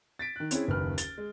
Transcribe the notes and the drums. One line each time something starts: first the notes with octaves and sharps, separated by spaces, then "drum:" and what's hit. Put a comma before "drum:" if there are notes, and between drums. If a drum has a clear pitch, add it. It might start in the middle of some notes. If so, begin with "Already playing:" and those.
A6 B6 D7
D#3 F#6
C4 C#4 E4 G#4, drum: hi-hat
F#1 D#2 D#3 B4 F6
A6 G7, drum: hi-hat
G#3